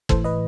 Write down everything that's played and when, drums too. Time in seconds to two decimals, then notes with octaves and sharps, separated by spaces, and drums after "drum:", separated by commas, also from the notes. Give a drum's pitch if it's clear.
0.09 A2 E3 A4 C5, drum: kick
0.24 B4 D#5